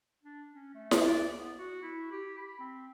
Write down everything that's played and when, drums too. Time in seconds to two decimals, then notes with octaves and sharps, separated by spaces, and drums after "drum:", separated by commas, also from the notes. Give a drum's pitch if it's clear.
0.23 D4
0.52 C#4
0.74 A3
0.91 drum: snare E4
1.04 D5
1.37 B3
1.58 F#4
1.82 E4
2.12 G4
2.38 B5
2.59 C4